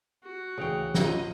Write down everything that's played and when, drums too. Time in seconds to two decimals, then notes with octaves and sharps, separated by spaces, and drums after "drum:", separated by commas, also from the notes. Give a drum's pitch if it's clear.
0.24 F#4
0.58 D2 C#3 E3 F5 G5
0.94 A1 F4 D#5, drum: snare